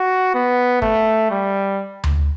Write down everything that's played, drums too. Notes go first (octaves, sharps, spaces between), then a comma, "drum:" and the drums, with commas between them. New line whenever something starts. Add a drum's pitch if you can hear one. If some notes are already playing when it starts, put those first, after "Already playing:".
Already playing: F#4
B3
A3, drum: kick
G3
drum: tom D2